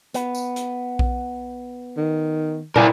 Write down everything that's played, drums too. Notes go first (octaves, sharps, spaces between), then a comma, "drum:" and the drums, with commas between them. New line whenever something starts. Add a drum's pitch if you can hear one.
B3, drum: hi-hat
drum: tambourine
drum: hi-hat
drum: kick A#1
D#3
E4 A#4 D5 F5 G#5, drum: tom